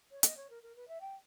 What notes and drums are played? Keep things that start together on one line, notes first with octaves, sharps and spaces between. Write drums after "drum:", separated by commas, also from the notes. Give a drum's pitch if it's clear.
C#5
D#5, drum: hi-hat
C#5
A#4
A#4
B4
E5
G5